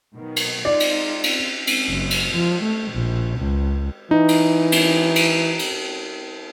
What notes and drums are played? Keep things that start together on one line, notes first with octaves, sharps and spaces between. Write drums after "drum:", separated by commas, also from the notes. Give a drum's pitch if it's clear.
B2 D#3 F#3
drum: cymbal
G#3 D#4 F4 D5
drum: cymbal
drum: cymbal
drum: cymbal
F#1
drum: cymbal
F3
A3
A#1
C#2
E3 D#4
drum: cymbal
drum: cymbal
drum: cymbal
drum: cymbal